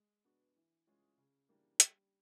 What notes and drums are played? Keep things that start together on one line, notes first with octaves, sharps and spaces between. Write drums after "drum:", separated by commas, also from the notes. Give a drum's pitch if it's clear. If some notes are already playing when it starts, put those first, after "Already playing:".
Already playing: G#3
B3 D4 F#4
E3
G#3 C#4 F4 G#4
C#3
E3 G3 A#3 D4
G3, drum: hi-hat